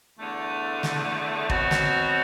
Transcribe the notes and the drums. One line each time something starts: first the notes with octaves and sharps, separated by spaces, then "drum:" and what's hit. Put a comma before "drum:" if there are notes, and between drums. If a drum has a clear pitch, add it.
E2 D3 A3 D4
drum: snare
B2 F#3 C4 F#4, drum: kick
drum: snare